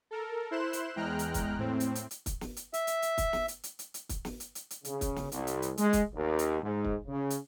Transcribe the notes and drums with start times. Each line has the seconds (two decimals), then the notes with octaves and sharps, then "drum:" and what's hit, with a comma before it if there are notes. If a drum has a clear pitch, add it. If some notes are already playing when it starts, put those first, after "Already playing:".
0.11 A4 A#4
0.51 E4 C5 C6 F#6 E7
0.73 drum: hi-hat
0.96 E2 G#3 G5 A#5 F6 F#6
1.19 drum: hi-hat
1.34 drum: kick, hi-hat
1.58 A2 C4
1.80 drum: hi-hat
1.95 drum: hi-hat
2.11 drum: hi-hat
2.26 drum: kick, hi-hat
2.41 drum: snare
2.57 drum: hi-hat
2.74 E5, drum: hi-hat
2.87 drum: hi-hat
3.02 drum: hi-hat
3.18 drum: kick, hi-hat
3.33 drum: snare
3.48 drum: hi-hat
3.64 drum: hi-hat
3.79 drum: hi-hat
3.94 drum: hi-hat
4.09 drum: kick, hi-hat
4.25 drum: snare
4.40 drum: hi-hat
4.55 drum: hi-hat
4.71 drum: hi-hat
4.85 C#3, drum: hi-hat
5.01 drum: kick, hi-hat
5.16 drum: snare
5.32 C2, drum: hi-hat
5.47 drum: hi-hat
5.62 drum: hi-hat
5.77 G#3, drum: hi-hat
5.93 drum: kick, hi-hat
6.15 D#2
6.39 drum: hi-hat
6.62 G#2
6.85 drum: kick
7.07 C#3
7.30 drum: hi-hat